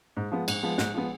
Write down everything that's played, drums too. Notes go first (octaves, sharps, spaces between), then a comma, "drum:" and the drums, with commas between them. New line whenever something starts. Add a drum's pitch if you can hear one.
G#2
F3 G#3 B3
G#2, drum: cymbal
F3 G#3 B3
G#2, drum: snare
F3 G#3 B3